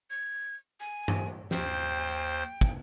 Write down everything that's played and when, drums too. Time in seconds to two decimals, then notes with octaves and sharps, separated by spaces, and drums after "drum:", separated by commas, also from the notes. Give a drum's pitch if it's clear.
0.10 G#6
0.80 G#5
1.08 drum: tom G2
1.51 D#2 C5 G5 G6, drum: snare
2.61 drum: kick